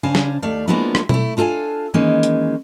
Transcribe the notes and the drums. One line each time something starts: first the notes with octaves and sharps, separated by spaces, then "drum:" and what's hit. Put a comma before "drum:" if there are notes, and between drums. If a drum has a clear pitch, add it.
C#3 D4 C5 F5 G#5
drum: snare
D#2 A3 D5 F5
F3 G#3 A#3 B3 D4 E4
drum: rim click
A3 E4, drum: tom B2
D4 F4 A4 D5 F5 G#5
D#3 E3 G#3 A#3 C#4 D#4
drum: hi-hat